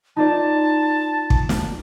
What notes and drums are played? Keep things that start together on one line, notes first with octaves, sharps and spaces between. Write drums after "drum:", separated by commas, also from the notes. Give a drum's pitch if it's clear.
D#4 F4 D5 A5
drum: kick
drum: snare